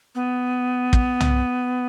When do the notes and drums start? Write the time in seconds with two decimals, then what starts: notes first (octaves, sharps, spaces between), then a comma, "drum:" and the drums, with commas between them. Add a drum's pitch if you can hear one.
0.15 B3
0.93 drum: kick
1.20 drum: tom C2